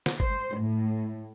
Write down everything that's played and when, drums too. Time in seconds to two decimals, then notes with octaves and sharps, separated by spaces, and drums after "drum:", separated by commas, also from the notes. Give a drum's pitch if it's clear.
0.06 drum: snare
0.20 C5, drum: kick G1
0.59 A2